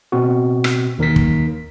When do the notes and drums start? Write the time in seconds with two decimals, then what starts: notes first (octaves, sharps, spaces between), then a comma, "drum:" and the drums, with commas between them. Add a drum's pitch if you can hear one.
0.12 B2 C4 F#4
0.64 drum: rim click
0.98 D#2 D#3 A#4 B6
1.16 drum: kick